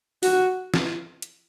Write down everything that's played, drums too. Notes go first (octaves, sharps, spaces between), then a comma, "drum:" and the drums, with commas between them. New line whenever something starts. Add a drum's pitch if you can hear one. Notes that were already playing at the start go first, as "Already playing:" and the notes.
F#4, drum: open hi-hat
drum: snare
drum: hi-hat